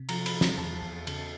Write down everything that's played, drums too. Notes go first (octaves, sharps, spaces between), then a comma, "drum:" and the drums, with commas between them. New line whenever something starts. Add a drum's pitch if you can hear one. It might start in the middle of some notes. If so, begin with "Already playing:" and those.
Already playing: C3
F3 A#5, drum: cymbal
B5, drum: cymbal
F3
A#5, drum: snare
E2 A5
E2
C#3, drum: cymbal